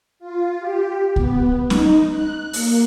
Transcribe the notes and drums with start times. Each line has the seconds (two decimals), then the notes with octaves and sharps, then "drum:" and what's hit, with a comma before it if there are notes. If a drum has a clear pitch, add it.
0.19 F4
0.60 G4
1.16 B3, drum: kick C2
1.70 D#4, drum: snare C#4
2.10 F#6
2.53 A#3, drum: open hi-hat